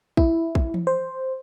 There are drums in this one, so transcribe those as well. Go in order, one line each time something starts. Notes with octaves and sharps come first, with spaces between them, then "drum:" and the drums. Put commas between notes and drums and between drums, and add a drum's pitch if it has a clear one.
E4, drum: kick A#1
drum: kick A#1
drum: tom E3
C5